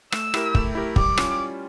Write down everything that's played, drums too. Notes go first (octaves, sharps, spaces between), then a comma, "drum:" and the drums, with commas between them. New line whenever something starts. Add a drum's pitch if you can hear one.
A3 E6, drum: rim click
E4 G4 A#4, drum: rim click
A3, drum: kick
E4 G4 A#4
G3 D6, drum: kick
C#4 F4, drum: rim click